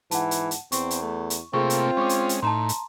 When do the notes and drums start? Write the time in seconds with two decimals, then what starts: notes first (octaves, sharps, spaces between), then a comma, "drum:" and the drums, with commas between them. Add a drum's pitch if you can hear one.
0.11 G#2 E3 F#5 A5, drum: hi-hat
0.31 drum: hi-hat
0.51 drum: hi-hat
0.72 E2 C4 C#6, drum: hi-hat
0.91 drum: hi-hat
1.02 A3
1.30 drum: hi-hat
1.53 C3 A3 A#3 C4 F4 G#4 C#6
1.70 drum: hi-hat
1.97 G#3 C#4 C#6 D6
2.09 drum: hi-hat
2.29 drum: hi-hat
2.42 A2 D#4 A5 A#5 C6
2.69 drum: hi-hat